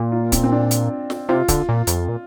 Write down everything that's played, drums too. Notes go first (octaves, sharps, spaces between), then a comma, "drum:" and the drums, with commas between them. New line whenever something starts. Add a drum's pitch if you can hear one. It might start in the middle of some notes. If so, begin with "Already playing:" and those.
Already playing: A#2
F4
C4, drum: kick, hi-hat
C4
D4
drum: hi-hat
drum: snare
C3 F4
D3, drum: kick, hi-hat
A#2
F2, drum: hi-hat
A#2